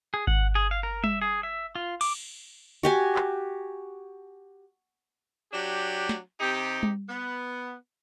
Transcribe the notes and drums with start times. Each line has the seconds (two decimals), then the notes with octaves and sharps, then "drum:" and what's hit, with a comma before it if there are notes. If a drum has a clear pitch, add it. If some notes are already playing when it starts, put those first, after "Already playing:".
0.14 G#4
0.27 F#5, drum: kick G#1
0.55 G#4
0.71 F5
0.83 A#4
1.04 E5, drum: tom G3
1.22 G#4
1.43 E5
1.75 F4
2.01 D6, drum: cymbal
2.83 F#4 G4 G#5
3.16 drum: clap
5.53 F#3 D4 G4
6.09 drum: snare
6.40 C3 D#4 G4
6.83 drum: tom G3
7.09 B3